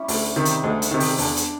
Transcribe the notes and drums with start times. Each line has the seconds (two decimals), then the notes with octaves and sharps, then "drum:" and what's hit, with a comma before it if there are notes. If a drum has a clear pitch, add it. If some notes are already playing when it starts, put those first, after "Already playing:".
Already playing: G3 C#4 E4
0.08 D2, drum: open hi-hat
0.36 C3 D#3
0.45 drum: hi-hat
0.63 D2 G#3
0.82 drum: hi-hat
0.91 C3 D#3
1.00 drum: open hi-hat
1.18 E2 D4, drum: open hi-hat
1.37 drum: hi-hat